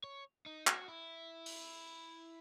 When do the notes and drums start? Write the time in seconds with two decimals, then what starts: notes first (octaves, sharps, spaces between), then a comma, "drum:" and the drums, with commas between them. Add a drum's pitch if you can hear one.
0.04 C#5
0.46 D#4
0.67 F#4, drum: clap
0.88 E4
1.46 drum: open hi-hat